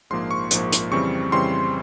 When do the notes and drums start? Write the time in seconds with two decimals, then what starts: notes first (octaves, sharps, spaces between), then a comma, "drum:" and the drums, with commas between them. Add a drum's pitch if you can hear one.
0.10 A#1 G#2 F3 A#3 C6
0.31 C#6
0.51 A#1 G#2 F3 A#3, drum: hi-hat
0.72 drum: hi-hat
0.91 F2 C#3 E3 G3 C4 C#6
1.32 F2 C#3 E3 G3 C4 C6